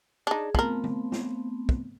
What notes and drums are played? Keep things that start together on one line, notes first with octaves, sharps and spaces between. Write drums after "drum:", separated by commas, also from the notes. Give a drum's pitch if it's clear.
D4 D#4 G#4
F3 A3 B3 C4 A#4, drum: kick
drum: tom
drum: snare
drum: kick